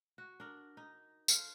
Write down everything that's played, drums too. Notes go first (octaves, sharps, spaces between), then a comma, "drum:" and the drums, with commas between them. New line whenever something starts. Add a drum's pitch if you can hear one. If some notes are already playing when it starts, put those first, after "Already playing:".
F#4
D4 A#4
D#4
A4 C5 F5, drum: tambourine